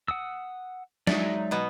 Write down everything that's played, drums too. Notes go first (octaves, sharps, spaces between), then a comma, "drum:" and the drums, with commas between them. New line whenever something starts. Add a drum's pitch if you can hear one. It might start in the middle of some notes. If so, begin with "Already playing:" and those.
F#5 D#6 E6
F#3 G#3 D#4 D5 E5, drum: snare
B2 B3